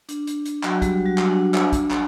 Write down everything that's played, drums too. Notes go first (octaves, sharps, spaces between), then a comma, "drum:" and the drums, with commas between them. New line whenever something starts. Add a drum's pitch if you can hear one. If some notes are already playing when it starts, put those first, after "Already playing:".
D4, drum: hi-hat
drum: hi-hat
drum: hi-hat
F#3 F#4, drum: clap
G3 G4, drum: kick A#1, hi-hat
F#3 F#4
drum: clap
D4
D4, drum: clap
drum: kick A#1, hi-hat
drum: clap